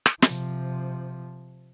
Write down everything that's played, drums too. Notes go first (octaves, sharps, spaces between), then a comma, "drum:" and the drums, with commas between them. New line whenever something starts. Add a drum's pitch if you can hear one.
drum: rim click
C3 F3, drum: snare